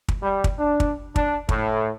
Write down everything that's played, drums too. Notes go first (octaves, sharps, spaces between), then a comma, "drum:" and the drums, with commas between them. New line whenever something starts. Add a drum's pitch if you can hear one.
drum: kick
G3
drum: kick
D4
drum: kick
D4, drum: kick
A2, drum: kick